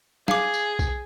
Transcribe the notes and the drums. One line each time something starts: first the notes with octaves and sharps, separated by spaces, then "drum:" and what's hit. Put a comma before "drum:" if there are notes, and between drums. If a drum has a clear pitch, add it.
G#4 F5 D6, drum: snare
drum: tambourine
drum: kick, tambourine